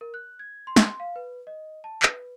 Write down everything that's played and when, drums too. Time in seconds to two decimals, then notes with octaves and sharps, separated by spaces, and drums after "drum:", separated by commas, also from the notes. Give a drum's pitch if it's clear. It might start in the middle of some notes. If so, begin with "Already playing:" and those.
0.01 A#4
0.14 F#6
0.39 G#6
0.67 C6
0.76 drum: snare
1.00 F5
1.16 B4
1.47 D#5
1.84 A5
2.03 B4, drum: clap